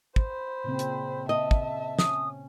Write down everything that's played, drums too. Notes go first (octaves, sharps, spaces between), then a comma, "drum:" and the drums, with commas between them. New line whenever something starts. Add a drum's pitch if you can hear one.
C5 B5, drum: kick
A#2 C#3 C4
drum: hi-hat
D#5 E5 A5
drum: kick
C#4 D#6, drum: snare